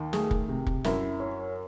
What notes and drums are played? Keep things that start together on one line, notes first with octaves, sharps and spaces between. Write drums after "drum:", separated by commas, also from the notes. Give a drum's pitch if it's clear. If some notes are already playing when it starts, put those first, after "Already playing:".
Already playing: D#2 D#3
A3 G#4, drum: snare
drum: kick
C3
drum: kick
F#2 E4, drum: snare
C#4